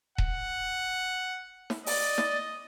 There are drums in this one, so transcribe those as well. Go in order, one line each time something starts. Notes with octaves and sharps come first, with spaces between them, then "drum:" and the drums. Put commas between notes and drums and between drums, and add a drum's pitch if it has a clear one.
F#5, drum: kick D#1
drum: snare
D5 D#5, drum: open hi-hat
drum: snare